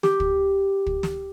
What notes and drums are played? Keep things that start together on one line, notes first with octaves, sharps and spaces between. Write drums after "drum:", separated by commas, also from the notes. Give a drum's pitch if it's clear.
G4, drum: snare
drum: kick
drum: kick
drum: snare